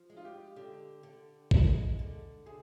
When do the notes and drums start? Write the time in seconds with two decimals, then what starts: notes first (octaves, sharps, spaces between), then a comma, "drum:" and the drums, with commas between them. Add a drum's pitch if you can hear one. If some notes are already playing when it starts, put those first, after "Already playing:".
Already playing: F3
0.10 G#3
0.17 F4
0.25 G4
0.56 D3 G4
1.03 D3
1.51 G#3, drum: kick
1.99 D3
2.46 C3 G#4